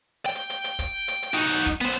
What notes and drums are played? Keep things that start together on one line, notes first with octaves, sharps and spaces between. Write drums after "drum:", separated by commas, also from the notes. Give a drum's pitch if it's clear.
G5
drum: hi-hat
drum: hi-hat
drum: hi-hat
drum: kick, hi-hat
drum: hi-hat
drum: hi-hat
D#4 F#4
drum: hi-hat
drum: kick
B3 C5